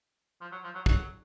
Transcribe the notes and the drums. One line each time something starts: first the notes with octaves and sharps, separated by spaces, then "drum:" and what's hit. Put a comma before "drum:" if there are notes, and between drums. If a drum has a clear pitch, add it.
F3
F#3
F3
F#3
F#3, drum: kick